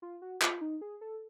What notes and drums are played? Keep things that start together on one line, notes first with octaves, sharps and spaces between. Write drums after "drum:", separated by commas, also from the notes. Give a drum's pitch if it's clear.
F4
F#4
F4, drum: clap
D#4
G#4
A4